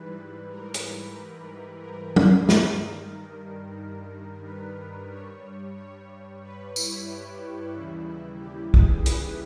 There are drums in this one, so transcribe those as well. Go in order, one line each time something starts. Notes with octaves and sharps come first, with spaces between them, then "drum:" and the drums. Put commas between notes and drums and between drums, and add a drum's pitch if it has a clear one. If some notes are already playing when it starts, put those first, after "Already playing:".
Already playing: G#2 E3 G3 B4
A#4
drum: hi-hat
A#4
G#4, drum: tom
G2 D#3 G3 A#4, drum: snare
B4
G2 G3 C#5
C#5
B4
E4, drum: tambourine
G4
D#2 C#3 E3 G3 E4
E4
G4
G#4, drum: kick
B4, drum: hi-hat